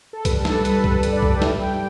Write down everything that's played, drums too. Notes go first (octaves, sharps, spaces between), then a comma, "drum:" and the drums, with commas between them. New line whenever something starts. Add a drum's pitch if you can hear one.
A4
G3 B4, drum: kick C2, hi-hat
A4
D4, drum: snare
B4
G3 A4, drum: hi-hat
G2, drum: kick C2
G2, drum: hi-hat
D5
G2, drum: kick C2
G5
G3 E5, drum: snare
G2 G5